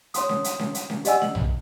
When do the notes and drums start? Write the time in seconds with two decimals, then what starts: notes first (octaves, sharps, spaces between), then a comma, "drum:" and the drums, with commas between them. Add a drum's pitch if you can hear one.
0.14 C#5 C6 D#6, drum: hi-hat
0.29 drum: snare C#4
0.44 drum: hi-hat
0.59 drum: snare C#4
0.75 drum: hi-hat
0.90 drum: snare C#4
1.05 G4 D5 D#5 F#5 G#5 E6, drum: hi-hat
1.22 F#7, drum: snare C#4
1.35 drum: tom A#1